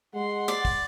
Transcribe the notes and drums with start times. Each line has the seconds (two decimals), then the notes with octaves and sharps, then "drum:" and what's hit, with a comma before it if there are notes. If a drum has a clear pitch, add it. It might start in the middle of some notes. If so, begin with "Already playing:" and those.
0.14 G#3 F#5 C6
0.48 D5, drum: hi-hat
0.65 drum: kick, open hi-hat